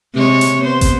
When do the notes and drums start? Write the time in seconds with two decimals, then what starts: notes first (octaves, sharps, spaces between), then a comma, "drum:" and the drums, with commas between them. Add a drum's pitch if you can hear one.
0.15 C3 G#3 C#5
0.41 drum: hi-hat
0.61 B3 C5
0.81 drum: kick, hi-hat